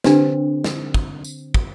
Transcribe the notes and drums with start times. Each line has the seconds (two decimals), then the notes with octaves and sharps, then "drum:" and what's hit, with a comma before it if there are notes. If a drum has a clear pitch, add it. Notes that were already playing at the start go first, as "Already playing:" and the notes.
0.04 D3 C4 D4 G4 B4, drum: snare
0.64 drum: snare
0.94 drum: kick
1.24 drum: tambourine
1.54 drum: kick